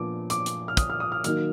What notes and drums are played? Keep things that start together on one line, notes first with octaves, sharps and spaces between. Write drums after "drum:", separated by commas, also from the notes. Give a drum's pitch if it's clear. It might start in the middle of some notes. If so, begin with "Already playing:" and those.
Already playing: A#2 F3 B3 D4 D6
D6, drum: hi-hat
drum: hi-hat
F6
D#6, drum: kick, hi-hat
F6
D#6
F6
D#3 F#3 A#3 D#4 F6, drum: hi-hat